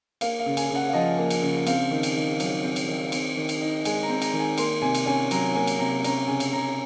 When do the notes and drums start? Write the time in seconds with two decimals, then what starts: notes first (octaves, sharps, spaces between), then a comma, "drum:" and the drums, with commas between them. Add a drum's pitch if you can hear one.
0.21 A#3 F5, drum: cymbal
0.39 F5
0.46 C#3
0.57 G#5, drum: cymbal
0.70 C#3 F#5
0.89 F5
0.93 F3 D#5
1.18 A#3
1.30 drum: cymbal
1.42 C#3
1.67 C4 F5, drum: cymbal
1.91 D#3
2.03 drum: cymbal
2.16 D#3
2.40 F#3, drum: cymbal
2.63 C4
2.76 drum: cymbal
2.88 D#3
3.12 C4, drum: cymbal
3.37 D#3
3.49 drum: cymbal
3.62 D#4
3.85 G#3 G#5, drum: cymbal
4.03 A#5
4.09 C4
4.22 A#5, drum: cymbal
4.33 D#3
4.40 G#5
4.58 A#3 C6, drum: cymbal
4.82 C3 G#5
4.95 drum: cymbal
5.06 C#4 G#5
5.31 F#3 A#5, drum: cymbal
5.55 A#3 G#5
5.67 drum: cymbal
5.79 C3 A#5
6.04 C#4 A#5, drum: cymbal
6.28 C#3 G#5
6.40 drum: cymbal
6.52 C#3 A#5